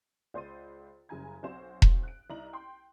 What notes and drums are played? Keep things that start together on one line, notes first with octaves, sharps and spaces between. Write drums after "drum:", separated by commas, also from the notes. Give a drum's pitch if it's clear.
C#2 C5 D5 C6 A6 D#7
F#1 C#3 G3 G#5 A#5 G#6
B1 C4 F#4 C5 E7
drum: kick E1
F#6 D7
C2 D#4 A#5 F#7
G5 C6